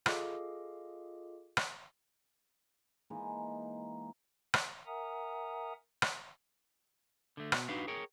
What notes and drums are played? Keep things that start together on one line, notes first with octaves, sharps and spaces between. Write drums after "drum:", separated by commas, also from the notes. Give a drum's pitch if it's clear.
F4 G#4 A4 D#5 F5 D6, drum: rim click
drum: rim click
E3 G#3 A#3 D#4
drum: rim click
A#4 E5 F#5 G#5 A#5 D#6
drum: rim click
D3 A3
B2, drum: rim click
D4 D#4 F#4 G4 B4 F5
G#4 A#4 C#5 G5